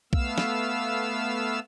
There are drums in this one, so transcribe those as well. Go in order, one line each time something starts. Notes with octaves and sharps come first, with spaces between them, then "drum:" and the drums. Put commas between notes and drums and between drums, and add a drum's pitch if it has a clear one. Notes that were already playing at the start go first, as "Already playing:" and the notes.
A3 B3 F5 E6, drum: kick B1
drum: snare